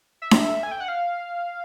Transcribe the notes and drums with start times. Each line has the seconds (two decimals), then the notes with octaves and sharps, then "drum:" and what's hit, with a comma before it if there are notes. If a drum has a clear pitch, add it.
0.22 E5
0.31 drum: snare D4
0.63 G#5
0.71 G5
0.80 F#5
0.88 F5